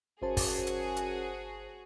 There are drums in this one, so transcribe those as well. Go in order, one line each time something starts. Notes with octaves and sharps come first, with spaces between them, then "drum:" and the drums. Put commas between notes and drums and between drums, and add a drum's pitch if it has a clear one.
G1 F#2 F#4 G#4 C5 A5
drum: kick, open hi-hat
drum: hi-hat
drum: hi-hat